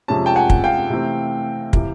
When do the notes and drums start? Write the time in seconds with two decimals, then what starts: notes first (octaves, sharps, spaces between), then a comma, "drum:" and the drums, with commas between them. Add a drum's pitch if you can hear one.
0.08 F2 C3 F3 G#3 C#4 A5
0.26 G5 A5
0.36 F#5 G#5
0.50 drum: kick
0.64 F5 G5
0.90 C3 E3 A3 C4
1.73 C3 E3, drum: kick